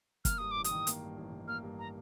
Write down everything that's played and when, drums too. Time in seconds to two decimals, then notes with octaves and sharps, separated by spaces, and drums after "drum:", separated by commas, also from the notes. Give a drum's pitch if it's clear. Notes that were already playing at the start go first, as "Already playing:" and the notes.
0.25 A#3 F6, drum: kick, hi-hat
0.38 G2 D#6
0.51 A1 D6
0.64 D#6, drum: hi-hat
0.71 D#3
0.87 A#3, drum: hi-hat
1.01 G2
1.17 A1
1.32 D#3
1.48 A#3 F6
1.63 G2
1.79 A#5